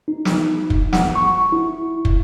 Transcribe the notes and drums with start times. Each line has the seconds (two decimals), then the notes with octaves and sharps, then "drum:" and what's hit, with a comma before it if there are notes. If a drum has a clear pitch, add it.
0.08 D#4
0.25 drum: snare
0.70 drum: kick
0.93 F#5, drum: snare
1.15 C#6
1.52 E4
2.05 drum: kick